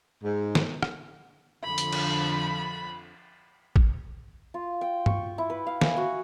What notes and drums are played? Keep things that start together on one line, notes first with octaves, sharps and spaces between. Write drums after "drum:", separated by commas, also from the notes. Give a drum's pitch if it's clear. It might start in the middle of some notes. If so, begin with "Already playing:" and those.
G#2
drum: snare
drum: rim click
F2 D3 F3 B5
drum: hi-hat
drum: cymbal
drum: kick
F4
G5
C#6, drum: tom
E4
B4
F5
G#5, drum: snare
F#4